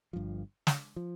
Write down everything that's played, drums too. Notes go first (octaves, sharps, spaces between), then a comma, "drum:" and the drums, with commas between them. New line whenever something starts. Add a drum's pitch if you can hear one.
G1 G2 F3
drum: snare
F3